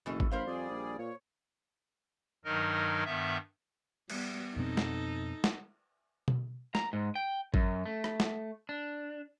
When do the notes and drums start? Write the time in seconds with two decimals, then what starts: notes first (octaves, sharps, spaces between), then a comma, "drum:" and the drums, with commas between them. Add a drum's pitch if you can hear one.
0.06 F#1 B2 E3 A3
0.20 drum: kick G#1
0.31 A1 A#4 C5 F5 B5
0.47 F2 G3 G#4 D5
0.70 A#1
0.98 A#2 C#5
2.45 G2 D#3 F#3 D#4 A#4 D#5
3.05 G2 D#3 B3 E5
4.10 G3 B3, drum: cymbal
4.56 F2 B2 C4 D#4 A4
4.77 drum: snare
5.44 drum: snare
6.28 drum: tom B2
6.75 A#5, drum: snare
6.93 G#2
7.15 G5
7.54 F#2, drum: kick G#1
7.86 A3
8.04 drum: rim click
8.20 drum: snare
8.69 D4